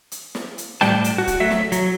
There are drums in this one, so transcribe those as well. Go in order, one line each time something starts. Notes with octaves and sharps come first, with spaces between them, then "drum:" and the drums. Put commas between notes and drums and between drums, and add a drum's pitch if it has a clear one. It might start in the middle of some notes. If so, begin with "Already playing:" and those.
drum: hi-hat
drum: snare
drum: hi-hat
A2 G3 D5 G5 A5, drum: snare
drum: hi-hat
F#4
drum: kick, hi-hat
F#3 A3 E5
drum: snare
F#3, drum: hi-hat